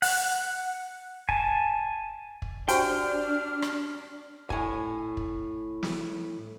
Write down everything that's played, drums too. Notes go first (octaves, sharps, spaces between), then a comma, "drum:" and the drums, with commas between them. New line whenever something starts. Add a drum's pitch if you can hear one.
F#5, drum: open hi-hat
G#5 A5, drum: kick
drum: kick
D4 F#4 G4 C5 G5 F6, drum: hi-hat
drum: rim click
A2 G#5, drum: kick
drum: kick
drum: snare